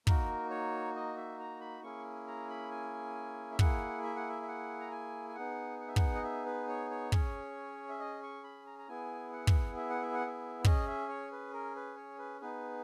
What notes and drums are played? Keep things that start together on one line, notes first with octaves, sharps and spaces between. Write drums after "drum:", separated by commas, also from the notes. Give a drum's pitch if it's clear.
A#3 D#4 F#4 A#4, drum: kick
C#5
D#5
E5
A#5
B5
A#3 C#4 E4 G#4 C#6
A#5
B5
G#5
E5
A#3 E4 G#4 F#5, drum: kick
E5
F#5
E5
E5
F#5
A#5
G#5
G#5
B3 D#4 G#4 F#5
F#5
E5
F#5, drum: kick
D#5
E5
B4
C#5
C#5
C#4 G#4, drum: kick
E5
D#5
C#6
B5
A#5
A#5
B3 E4 G#4 G#5
F#5
drum: kick
E5
F#5
E5
F#5
E5
C#4 G#4 D#5, drum: kick
E5
C#5
B4
A#4
B4
C#5
B4
B3 D#4 G#4 B4